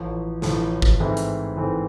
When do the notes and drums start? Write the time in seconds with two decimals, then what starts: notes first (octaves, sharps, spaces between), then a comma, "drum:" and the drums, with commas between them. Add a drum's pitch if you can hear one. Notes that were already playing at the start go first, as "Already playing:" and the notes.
Already playing: A1 A2 F3
0.42 A1 A2 F3, drum: snare
0.82 drum: kick
1.00 G#2 E3 A3 C4 E4
1.17 drum: hi-hat
1.57 G#2 E3 A3 C4 E4